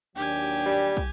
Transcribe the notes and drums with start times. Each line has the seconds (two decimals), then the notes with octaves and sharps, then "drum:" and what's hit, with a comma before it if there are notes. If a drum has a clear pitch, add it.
0.16 D#2 F#3 D4 G4 G5 G#5
0.66 G3
0.97 drum: kick